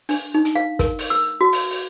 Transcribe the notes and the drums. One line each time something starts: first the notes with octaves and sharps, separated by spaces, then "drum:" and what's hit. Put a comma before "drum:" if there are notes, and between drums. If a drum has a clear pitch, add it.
D4, drum: open hi-hat
D#4
drum: hi-hat
F5
A#4, drum: kick, hi-hat
drum: open hi-hat
E6
F#4
drum: open hi-hat
drum: open hi-hat